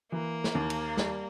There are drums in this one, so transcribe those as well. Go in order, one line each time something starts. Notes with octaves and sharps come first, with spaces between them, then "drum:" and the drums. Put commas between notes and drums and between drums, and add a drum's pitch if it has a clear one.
E3 A#3
drum: snare
D#2
drum: cymbal
G3, drum: snare